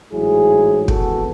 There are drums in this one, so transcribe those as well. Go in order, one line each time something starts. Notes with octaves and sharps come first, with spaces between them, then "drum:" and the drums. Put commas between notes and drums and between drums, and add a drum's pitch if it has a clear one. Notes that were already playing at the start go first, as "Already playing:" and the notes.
A1 G#2 F#3 E4 G#4
G#1 F#2 E3 B3 F#4 A4, drum: kick